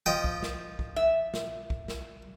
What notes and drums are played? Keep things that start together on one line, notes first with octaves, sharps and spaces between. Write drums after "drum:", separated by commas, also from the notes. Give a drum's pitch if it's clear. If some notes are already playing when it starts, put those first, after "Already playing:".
F3 D#5 G5
drum: kick B1
drum: snare
drum: kick B1
E5
drum: snare
drum: kick B1
drum: snare